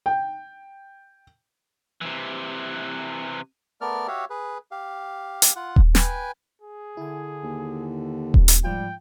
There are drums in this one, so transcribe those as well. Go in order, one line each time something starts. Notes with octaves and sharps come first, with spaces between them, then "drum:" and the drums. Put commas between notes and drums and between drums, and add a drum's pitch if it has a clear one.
G5
C3 E3
A3 B3 A#4 D5 F6
F#4 G4 C#5 E5 F5
G#4 B4
G4 F5
drum: hi-hat
F4 F#5
drum: kick D#1
B4 G5 G#5, drum: snare
G#4
D3 E4 G#5
D#2
drum: kick D#1
drum: hi-hat
G#2 F3 G3 F4 G5